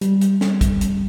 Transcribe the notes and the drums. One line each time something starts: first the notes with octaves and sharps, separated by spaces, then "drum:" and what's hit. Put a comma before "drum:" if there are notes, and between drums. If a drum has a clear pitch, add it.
G3, drum: hi-hat
drum: hi-hat
drum: snare
drum: kick, hi-hat
drum: hi-hat